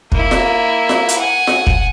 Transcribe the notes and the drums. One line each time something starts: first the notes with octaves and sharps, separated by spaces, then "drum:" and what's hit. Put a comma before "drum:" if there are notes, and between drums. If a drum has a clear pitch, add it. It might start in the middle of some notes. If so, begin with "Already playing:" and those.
A#3 E4, drum: kick
drum: snare F4
drum: snare F4
drum: hi-hat
F#5 G#5
drum: snare F4
drum: kick